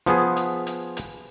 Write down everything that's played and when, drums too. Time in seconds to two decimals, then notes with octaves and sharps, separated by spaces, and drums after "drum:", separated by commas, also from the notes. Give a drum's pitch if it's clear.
0.06 F3 B3 G#4, drum: snare
0.37 drum: hi-hat
0.67 drum: hi-hat
0.97 drum: hi-hat